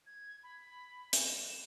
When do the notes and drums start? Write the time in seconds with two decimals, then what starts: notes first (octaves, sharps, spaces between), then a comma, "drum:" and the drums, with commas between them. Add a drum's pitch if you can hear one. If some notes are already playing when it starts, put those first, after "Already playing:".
0.06 G#6
0.43 B5
1.13 E7, drum: hi-hat